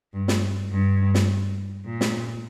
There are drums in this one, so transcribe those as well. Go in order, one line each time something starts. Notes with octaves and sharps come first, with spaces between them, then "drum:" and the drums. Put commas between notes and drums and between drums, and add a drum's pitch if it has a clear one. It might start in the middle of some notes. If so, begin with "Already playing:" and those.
G2
drum: snare
G2
drum: snare
A#2
drum: snare